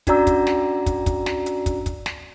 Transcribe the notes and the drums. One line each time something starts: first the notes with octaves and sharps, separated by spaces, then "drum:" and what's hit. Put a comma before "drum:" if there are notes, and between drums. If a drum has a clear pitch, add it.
C#4 D4 F#4 D5 A#5 E6, drum: kick, hi-hat
drum: kick, hi-hat
drum: snare
drum: kick, hi-hat
drum: kick, hi-hat
drum: snare
drum: hi-hat
drum: kick, hi-hat
drum: kick, hi-hat
drum: snare